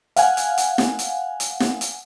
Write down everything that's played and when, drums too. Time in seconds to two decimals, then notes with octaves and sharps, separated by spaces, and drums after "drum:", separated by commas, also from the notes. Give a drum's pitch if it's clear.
0.16 F5 F#5 G#5, drum: hi-hat
0.37 drum: hi-hat
0.58 drum: hi-hat
0.78 drum: snare
0.99 drum: hi-hat
1.40 drum: hi-hat
1.60 drum: snare
1.81 drum: hi-hat